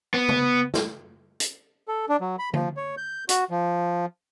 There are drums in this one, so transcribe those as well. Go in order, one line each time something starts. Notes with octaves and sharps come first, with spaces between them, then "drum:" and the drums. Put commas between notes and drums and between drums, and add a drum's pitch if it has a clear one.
B3
drum: tom
drum: snare
drum: hi-hat
A4
D4
F#3
B5
F3, drum: tom
C#5
G6
F#4, drum: hi-hat
F3